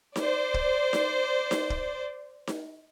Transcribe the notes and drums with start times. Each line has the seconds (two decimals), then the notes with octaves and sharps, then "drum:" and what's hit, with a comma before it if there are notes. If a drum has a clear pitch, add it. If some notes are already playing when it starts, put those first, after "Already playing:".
0.16 C5 D5, drum: snare D#4
0.54 drum: kick
0.93 drum: snare D#4
1.51 drum: snare D#4
1.70 drum: kick
2.47 drum: snare D#4